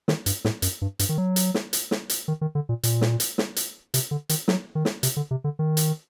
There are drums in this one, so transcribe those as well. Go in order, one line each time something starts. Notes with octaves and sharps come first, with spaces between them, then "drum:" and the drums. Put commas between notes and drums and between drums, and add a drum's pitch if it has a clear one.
D#3, drum: snare
G2, drum: hi-hat
A2, drum: snare
F#2, drum: hi-hat
G2
G2, drum: hi-hat
D#3
F#3
drum: hi-hat
drum: snare
drum: hi-hat
drum: snare
drum: hi-hat
D#3
D#3
D3
A#2
A#2, drum: hi-hat
drum: snare
drum: hi-hat
drum: snare
drum: hi-hat
C3, drum: hi-hat
D3
D#3, drum: hi-hat
F#3, drum: snare
D#3
drum: snare
C3, drum: hi-hat
D3
C3
D3
D#3
drum: hi-hat